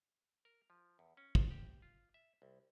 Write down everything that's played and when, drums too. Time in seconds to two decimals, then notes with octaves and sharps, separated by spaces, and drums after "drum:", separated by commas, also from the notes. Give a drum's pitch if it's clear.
0.45 A#4
0.70 F3
0.99 E2
1.17 C#4
1.35 F4, drum: kick
1.51 G4
1.82 F4
2.14 E5
2.42 C2